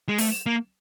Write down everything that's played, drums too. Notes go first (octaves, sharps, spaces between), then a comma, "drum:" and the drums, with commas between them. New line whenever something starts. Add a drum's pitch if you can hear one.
G#3
A3, drum: open hi-hat
A#3